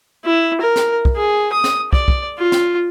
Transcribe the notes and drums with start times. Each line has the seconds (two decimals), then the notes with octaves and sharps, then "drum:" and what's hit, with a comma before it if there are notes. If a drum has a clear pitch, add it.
0.25 E4
0.61 A#4
0.76 drum: snare
1.05 drum: kick
1.16 G#4
1.53 D#6
1.64 drum: snare
1.93 D5, drum: kick
2.08 drum: kick
2.38 F4
2.52 drum: snare